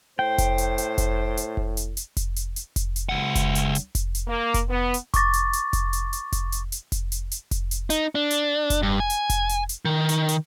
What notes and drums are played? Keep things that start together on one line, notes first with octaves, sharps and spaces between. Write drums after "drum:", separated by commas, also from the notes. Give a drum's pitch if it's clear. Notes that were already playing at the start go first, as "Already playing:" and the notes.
A2 C5 G5
drum: kick F1, hi-hat
drum: hi-hat
drum: hi-hat
drum: kick F1, hi-hat
drum: hi-hat
drum: kick F1
drum: hi-hat
drum: hi-hat
drum: kick F1, hi-hat
drum: hi-hat
drum: hi-hat
drum: kick F1, hi-hat
drum: hi-hat
C#2 F#5
drum: kick F1, hi-hat
drum: hi-hat
drum: hi-hat
drum: kick F1, hi-hat
drum: hi-hat
A#3
drum: kick F1, hi-hat
B3
drum: hi-hat
C#6 D6 A6 A#6, drum: kick F1, hi-hat
drum: hi-hat
drum: hi-hat
drum: kick F1, hi-hat
drum: hi-hat
drum: hi-hat
drum: kick F1, hi-hat
drum: hi-hat
drum: hi-hat
drum: kick F1, hi-hat
drum: hi-hat
drum: hi-hat
drum: kick F1, hi-hat
drum: hi-hat
D#4, drum: hi-hat
D4
drum: hi-hat
drum: kick F1, hi-hat
G2
G#5
drum: hi-hat
drum: kick F1, hi-hat
drum: hi-hat
drum: hi-hat
D#3
drum: hi-hat
drum: hi-hat